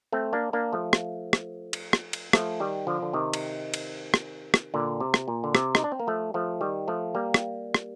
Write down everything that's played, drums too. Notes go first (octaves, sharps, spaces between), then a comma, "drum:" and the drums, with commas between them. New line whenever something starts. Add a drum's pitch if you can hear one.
A3 C4
A#3 D4
A#3 D4
F3 A3
drum: rim click
drum: rim click
drum: cymbal
drum: rim click
drum: cymbal
F3 A3, drum: rim click
D#3 G3
D3 F3
D3
C3 D#3
drum: cymbal
drum: cymbal
drum: rim click
drum: rim click
A#2 D3
C3
drum: rim click
A#2
D3
C3, drum: rim click
D#4, drum: rim click
D4
C4
A#3
F3 A3
F3 A3
D#3 G3
F3 A3
G3 A#3
drum: rim click
drum: rim click